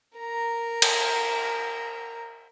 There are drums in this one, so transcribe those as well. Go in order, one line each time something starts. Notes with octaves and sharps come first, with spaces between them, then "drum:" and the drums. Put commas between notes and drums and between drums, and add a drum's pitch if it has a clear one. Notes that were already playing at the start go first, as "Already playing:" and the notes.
A#4 A#5
drum: cymbal